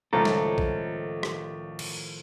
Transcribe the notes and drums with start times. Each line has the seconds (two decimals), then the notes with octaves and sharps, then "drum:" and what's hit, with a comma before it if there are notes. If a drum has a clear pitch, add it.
0.13 C#2 A2 D#3 F3 A4 A#5
0.25 drum: snare
0.58 drum: kick A#1
1.23 drum: rim click
1.79 drum: cymbal